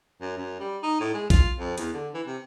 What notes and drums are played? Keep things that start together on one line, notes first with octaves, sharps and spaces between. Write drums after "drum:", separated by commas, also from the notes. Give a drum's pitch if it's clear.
F#2
F#2
G3
D#4
A2
G#3
F4, drum: kick A#1, hi-hat
F2
E2, drum: hi-hat
D3
E3
C3